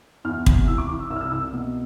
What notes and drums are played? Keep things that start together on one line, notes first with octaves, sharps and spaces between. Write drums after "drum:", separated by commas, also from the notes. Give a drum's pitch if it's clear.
E2 F6
C3, drum: kick
E3 E6
D6
E3 D6
E6
C2 E6
F6
E6
C2 E6
B2